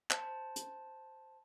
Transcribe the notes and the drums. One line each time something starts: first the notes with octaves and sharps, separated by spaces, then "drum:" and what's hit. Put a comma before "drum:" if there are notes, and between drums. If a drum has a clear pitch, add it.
C5 A5, drum: clap
drum: hi-hat